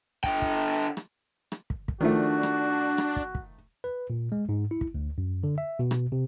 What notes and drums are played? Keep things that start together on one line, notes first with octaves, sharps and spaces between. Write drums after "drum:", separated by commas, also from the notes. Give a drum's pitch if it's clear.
D3 G5, drum: kick
drum: kick
drum: rim click
drum: rim click
drum: kick
drum: kick
D#3 F3 A3 D4 F#4
drum: rim click
drum: rim click
drum: kick
drum: kick
B4
A#2
G#3
G#2
E4
drum: kick
D2
F#2
D3
E5
B2
drum: rim click
C3